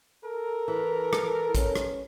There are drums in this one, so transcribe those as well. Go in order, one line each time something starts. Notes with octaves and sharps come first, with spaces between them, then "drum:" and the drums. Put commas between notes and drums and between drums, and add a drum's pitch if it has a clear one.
A4 A#4
E3
drum: rim click
B3 C#4, drum: kick, hi-hat
drum: rim click